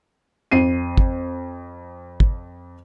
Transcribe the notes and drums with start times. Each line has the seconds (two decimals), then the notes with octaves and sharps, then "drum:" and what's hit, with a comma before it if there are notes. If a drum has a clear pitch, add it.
0.52 F2 C7 D#7
0.98 drum: kick
2.20 drum: kick